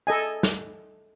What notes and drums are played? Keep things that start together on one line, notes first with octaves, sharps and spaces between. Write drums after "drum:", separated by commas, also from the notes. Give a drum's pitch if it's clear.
A4 D#5 G#5
drum: snare